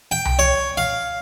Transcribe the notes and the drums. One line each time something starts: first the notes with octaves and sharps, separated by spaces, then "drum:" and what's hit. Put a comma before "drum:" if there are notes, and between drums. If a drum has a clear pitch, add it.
G5
drum: tom C2
C#5
F5